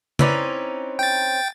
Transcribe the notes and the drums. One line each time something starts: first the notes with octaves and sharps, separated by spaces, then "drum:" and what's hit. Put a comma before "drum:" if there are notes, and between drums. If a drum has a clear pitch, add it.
C4 C#4 D#4 E4 B4 D5, drum: tom C#3
G5 A6